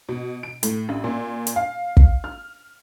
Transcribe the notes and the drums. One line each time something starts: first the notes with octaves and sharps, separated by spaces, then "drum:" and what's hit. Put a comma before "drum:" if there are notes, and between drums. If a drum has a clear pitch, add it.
B2
D7
A2, drum: hi-hat
A1
A#2
drum: hi-hat
F5
drum: kick
F6